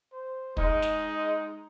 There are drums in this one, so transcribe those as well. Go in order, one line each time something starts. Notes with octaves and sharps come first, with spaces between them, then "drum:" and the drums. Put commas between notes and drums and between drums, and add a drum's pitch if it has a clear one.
C5
G#3 D#4, drum: kick
drum: snare